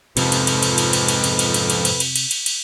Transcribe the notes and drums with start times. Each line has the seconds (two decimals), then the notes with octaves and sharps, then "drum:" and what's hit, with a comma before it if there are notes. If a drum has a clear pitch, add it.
0.17 F2 G#2 C3 F3 B4, drum: cymbal
0.32 drum: cymbal
0.47 drum: cymbal
0.63 drum: cymbal
0.78 drum: cymbal
0.93 drum: cymbal
1.08 drum: cymbal
1.24 drum: cymbal
1.39 drum: cymbal
1.54 drum: cymbal
1.70 drum: cymbal
1.85 drum: cymbal
2.00 drum: cymbal
2.16 drum: cymbal
2.31 drum: cymbal
2.46 drum: cymbal